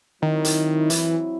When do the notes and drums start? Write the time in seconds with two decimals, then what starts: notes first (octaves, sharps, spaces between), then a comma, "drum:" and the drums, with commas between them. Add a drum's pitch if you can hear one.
0.22 D#3 F#3 C4 E4
0.45 drum: hi-hat
0.90 E3, drum: hi-hat